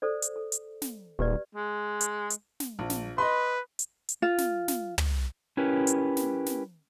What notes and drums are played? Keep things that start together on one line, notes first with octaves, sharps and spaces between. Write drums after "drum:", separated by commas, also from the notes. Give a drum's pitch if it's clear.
A4 C5 D5
drum: hi-hat
A4
drum: hi-hat
drum: snare
D#1 G4 B4 D5
G#3
drum: hi-hat
drum: hi-hat
drum: snare
A#1
drum: snare
B4 D#5 B5 C6
drum: hi-hat
drum: hi-hat
F4
drum: snare
drum: snare
drum: tom
C#4 E4 G4 A#4 B4
drum: hi-hat
drum: snare
drum: snare